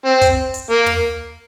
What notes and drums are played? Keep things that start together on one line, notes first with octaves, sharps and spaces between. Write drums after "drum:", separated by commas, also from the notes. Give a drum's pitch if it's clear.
C4
drum: kick, hi-hat
drum: hi-hat
A#3
drum: tom